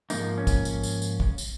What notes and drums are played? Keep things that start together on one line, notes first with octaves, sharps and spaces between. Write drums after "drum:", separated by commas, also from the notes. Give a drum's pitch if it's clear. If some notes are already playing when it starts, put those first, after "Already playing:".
G#2 F3 A#3 D#4, drum: tambourine
C#4
drum: kick, tambourine
drum: tambourine
drum: tambourine
drum: tambourine
drum: kick
drum: tambourine